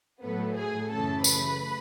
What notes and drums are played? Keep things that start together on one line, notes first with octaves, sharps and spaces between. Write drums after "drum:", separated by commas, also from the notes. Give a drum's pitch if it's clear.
A2 F#3 A3 B3 B4
G#4 G#5
F#2 C#3 E3 A3 A4 A5
B4 B5, drum: tambourine